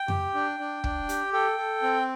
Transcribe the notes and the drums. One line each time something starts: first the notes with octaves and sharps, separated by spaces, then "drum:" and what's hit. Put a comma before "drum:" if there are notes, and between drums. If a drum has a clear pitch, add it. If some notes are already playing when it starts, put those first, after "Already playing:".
Already playing: G5
G4, drum: tom F2
D4
D4
D4, drum: kick
G4, drum: hi-hat
A4 G5
A4
C4